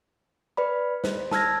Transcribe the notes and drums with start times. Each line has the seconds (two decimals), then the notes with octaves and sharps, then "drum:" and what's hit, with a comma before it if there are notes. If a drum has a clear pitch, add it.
0.57 B4 D5 B5
1.04 C5, drum: snare
1.31 A5 E6 F6 G#6 A#6, drum: snare